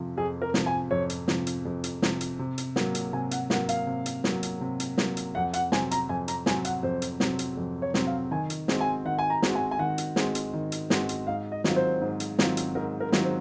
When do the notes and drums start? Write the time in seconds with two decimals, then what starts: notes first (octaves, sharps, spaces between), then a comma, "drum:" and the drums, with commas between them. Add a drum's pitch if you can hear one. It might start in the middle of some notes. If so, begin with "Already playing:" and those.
Already playing: F2 C3 F3
0.17 F2 G#4
0.42 A#4
0.54 C3 F3, drum: snare
0.66 G#5
0.91 F2 C#5
1.10 drum: hi-hat
1.28 C3 F3, drum: snare
1.47 drum: hi-hat
1.65 F2
1.84 drum: hi-hat
2.02 C3 F3, drum: snare
2.21 drum: hi-hat
2.39 C3
2.58 drum: hi-hat
2.76 F#3 A#3, drum: snare
2.95 drum: hi-hat
3.13 C3 G#5
3.31 F#5, drum: hi-hat
3.50 F#3 A#3 F#5, drum: snare
3.69 F5, drum: hi-hat
3.87 C3
4.06 drum: hi-hat
4.24 F#3 A#3, drum: snare
4.43 drum: hi-hat
4.61 C3
4.80 drum: hi-hat
4.98 F#3 A#3, drum: snare
5.17 drum: hi-hat
5.35 F2 F#5
5.53 F#5, drum: hi-hat
5.72 C3 F#3 C4 G#5, drum: snare
5.91 A#5, drum: hi-hat
6.09 F2 G#5
6.28 A#5, drum: hi-hat
6.46 C3 F#3 C4 G#5, drum: snare
6.65 F#5, drum: hi-hat
6.83 F2 C5
7.02 drum: hi-hat
7.20 C3 F#3 C4, drum: snare
7.39 drum: hi-hat
7.57 F2
7.82 C#5
7.94 C3 F#3 C4, drum: snare
8.07 F5
8.31 D#3 G#5
8.50 drum: hi-hat
8.68 G#3 C4 F#4, drum: snare
8.81 G#5
9.05 D#3 F#5
9.19 G#5
9.30 A#5
9.42 G#3 C4 F#4, drum: snare
9.55 G#5
9.71 G#5
9.79 D#3 F#5
9.98 drum: hi-hat
10.16 G#3 C4 F#4, drum: snare
10.35 drum: hi-hat
10.53 D#3
10.72 drum: hi-hat
10.90 G#3 C4 F#4, drum: snare
11.09 drum: hi-hat
11.27 G#2 F5
11.52 D#5
11.64 D#3 F#3 C4 F4, drum: snare
11.76 C5
12.01 G#2
12.20 drum: hi-hat
12.39 D#3 F#3 C4 F4, drum: snare
12.57 drum: hi-hat
12.75 G#2 A#4
13.00 A#4
13.12 D#3 F#3 C4 F4, drum: snare
13.24 C5